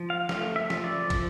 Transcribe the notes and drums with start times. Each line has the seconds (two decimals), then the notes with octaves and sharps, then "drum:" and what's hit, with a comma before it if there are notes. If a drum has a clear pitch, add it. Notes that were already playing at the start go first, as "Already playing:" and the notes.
Already playing: F3
0.10 F5
0.29 A3 F5, drum: snare
0.56 E5
0.70 F3, drum: snare
0.84 D5
1.10 F3, drum: kick, cymbal